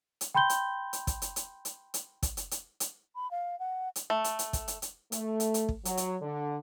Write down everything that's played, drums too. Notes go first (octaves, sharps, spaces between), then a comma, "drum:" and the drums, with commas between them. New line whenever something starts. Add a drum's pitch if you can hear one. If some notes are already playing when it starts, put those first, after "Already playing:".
drum: hi-hat
G5 B5 C6 G6 G7
drum: hi-hat
drum: hi-hat
drum: kick, hi-hat
drum: hi-hat
drum: hi-hat
drum: hi-hat
drum: hi-hat
drum: kick, hi-hat
drum: hi-hat
drum: hi-hat
drum: hi-hat
B5
F5
F#5
drum: hi-hat
A3
drum: hi-hat
drum: hi-hat
drum: kick, hi-hat
drum: hi-hat
drum: hi-hat
A3, drum: hi-hat
drum: hi-hat
drum: hi-hat
drum: kick
F#3, drum: hi-hat
drum: hi-hat
D3